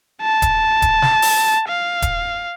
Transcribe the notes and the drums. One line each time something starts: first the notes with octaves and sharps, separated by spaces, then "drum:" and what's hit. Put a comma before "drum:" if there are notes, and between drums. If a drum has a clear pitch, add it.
A5
drum: kick D#1, hi-hat
drum: kick D#1, hi-hat
drum: snare
drum: open hi-hat
F5
drum: kick D#1, hi-hat